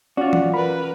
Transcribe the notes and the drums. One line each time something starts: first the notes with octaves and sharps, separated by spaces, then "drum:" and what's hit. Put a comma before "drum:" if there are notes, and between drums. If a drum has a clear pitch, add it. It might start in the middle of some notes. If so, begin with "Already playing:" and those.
C#4 F4 F#4 D5
drum: tom E3
A#4 B4 B5